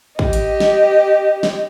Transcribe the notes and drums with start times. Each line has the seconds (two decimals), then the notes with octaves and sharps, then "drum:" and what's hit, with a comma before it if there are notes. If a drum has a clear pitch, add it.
0.19 G4 D#5, drum: kick
0.33 drum: hi-hat
0.60 drum: snare
1.43 drum: snare